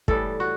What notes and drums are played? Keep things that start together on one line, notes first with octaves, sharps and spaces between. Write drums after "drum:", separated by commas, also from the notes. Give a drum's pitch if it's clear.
A2 E3 G3 A4, drum: kick
F#4